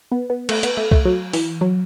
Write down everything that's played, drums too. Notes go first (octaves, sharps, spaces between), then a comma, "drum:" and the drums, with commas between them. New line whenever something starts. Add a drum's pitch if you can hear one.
B3
B3
A3, drum: cymbal
B3, drum: hi-hat
A3
A3, drum: kick
F#3
E3, drum: open hi-hat
F#3